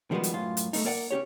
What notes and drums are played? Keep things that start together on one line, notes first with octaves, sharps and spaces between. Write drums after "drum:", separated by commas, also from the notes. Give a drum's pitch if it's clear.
D#3 F3 G3 G#3 B3 F#4
drum: hi-hat
F#2 A2 F4
drum: hi-hat
A3 A#3 D#4, drum: open hi-hat
A#3 A#4 D5 F5 F#5
C#4 D#4 G4 C#5